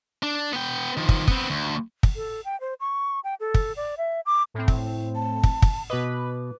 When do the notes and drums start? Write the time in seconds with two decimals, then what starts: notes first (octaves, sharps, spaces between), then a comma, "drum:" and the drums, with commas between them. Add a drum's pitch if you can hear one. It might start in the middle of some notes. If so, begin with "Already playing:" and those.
0.23 D4
0.53 B3 G5
0.97 D#3 F3
1.09 drum: kick
1.28 B3 C4, drum: kick
1.50 D2
2.03 drum: kick
2.16 A4
2.45 G5
2.60 C5
2.80 C#6
3.24 G5
3.40 A4
3.54 drum: kick
3.76 D5
3.98 E5
4.26 D6
4.54 A2 C4
4.68 drum: kick
5.15 A5
5.43 drum: kick
5.62 drum: kick
5.90 B2 B4 D#5 D6